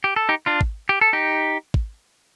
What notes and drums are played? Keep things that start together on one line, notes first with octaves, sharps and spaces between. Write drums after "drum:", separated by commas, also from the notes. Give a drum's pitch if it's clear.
G4
A4
D#4 G4
D4 F4
drum: kick
G4
A4
D#4 G4
drum: kick